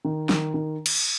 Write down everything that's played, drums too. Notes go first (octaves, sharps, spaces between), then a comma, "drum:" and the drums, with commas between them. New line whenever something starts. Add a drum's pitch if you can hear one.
D#3
D#3, drum: snare
D#3
drum: cymbal